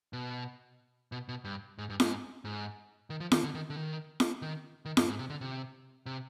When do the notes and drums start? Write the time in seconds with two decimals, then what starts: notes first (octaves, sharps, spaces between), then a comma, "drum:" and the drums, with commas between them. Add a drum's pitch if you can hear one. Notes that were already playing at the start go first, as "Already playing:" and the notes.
0.13 B2
1.12 B2
1.29 B2
1.45 G2
1.78 G#2
1.90 G2
2.00 G#2, drum: snare
2.45 G#2
3.10 D#3
3.20 F3
3.32 D#3, drum: snare
3.44 D3
3.54 D#3
3.70 D3
3.76 D#3
4.20 drum: snare
4.42 D#3
4.85 D#3
4.97 G2, drum: snare
5.08 G#2
5.19 C3
5.30 D3
5.41 C3
6.06 C3